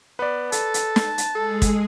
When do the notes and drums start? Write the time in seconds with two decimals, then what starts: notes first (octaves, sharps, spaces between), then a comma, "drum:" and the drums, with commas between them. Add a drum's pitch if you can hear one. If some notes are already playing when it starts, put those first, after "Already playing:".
0.19 B3 B4 D5
0.52 A4 A5, drum: hi-hat
0.74 drum: hi-hat
0.96 drum: snare
1.18 drum: hi-hat
1.35 G#3 G#4 A4
1.62 drum: kick, hi-hat